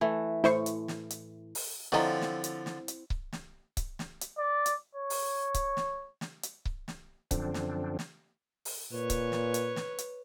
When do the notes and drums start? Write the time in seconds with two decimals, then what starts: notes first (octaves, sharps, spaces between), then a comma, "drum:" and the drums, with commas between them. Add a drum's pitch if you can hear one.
0.01 E3 A3
0.44 A2 E4 C5 C#6, drum: snare
0.66 drum: hi-hat
0.88 drum: snare
1.10 drum: hi-hat
1.55 drum: open hi-hat
1.92 D3 F3 C4 E4 C#5 D#5 A#5
2.21 drum: snare
2.44 drum: hi-hat
2.66 drum: snare
2.88 drum: hi-hat
3.10 drum: kick C#1
3.32 drum: snare
3.77 drum: kick C#1, hi-hat
3.99 drum: snare
4.21 drum: hi-hat
4.38 D5
4.66 drum: hi-hat
4.95 C#5
5.10 drum: open hi-hat
5.54 drum: kick C#1, hi-hat
5.77 drum: snare
6.21 drum: snare
6.43 drum: hi-hat
6.65 drum: kick C#1
6.88 drum: snare
7.31 F#2 D3 F3 C4 D4, drum: kick C#1, hi-hat
7.54 drum: snare
7.99 drum: snare
8.65 drum: open hi-hat
8.92 A#2 B4 C#5
9.10 drum: kick C#1, hi-hat
9.32 drum: snare
9.54 drum: hi-hat
9.76 drum: snare
9.98 drum: hi-hat